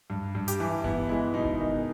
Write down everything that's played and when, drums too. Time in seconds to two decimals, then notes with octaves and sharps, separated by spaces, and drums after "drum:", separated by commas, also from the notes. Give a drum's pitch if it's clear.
0.10 G2
0.35 G2
0.48 G4, drum: hi-hat
0.60 E3
0.84 B3 E4, drum: kick F#1
1.09 G#3 E4
1.34 B2 D#4
1.45 drum: kick F#1
1.60 D#3 D#4